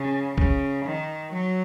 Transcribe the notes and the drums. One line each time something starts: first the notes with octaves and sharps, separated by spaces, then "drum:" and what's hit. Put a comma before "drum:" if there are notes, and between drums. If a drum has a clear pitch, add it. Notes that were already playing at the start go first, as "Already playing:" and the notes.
Already playing: C#3
C#3, drum: kick B1
D#3
F#3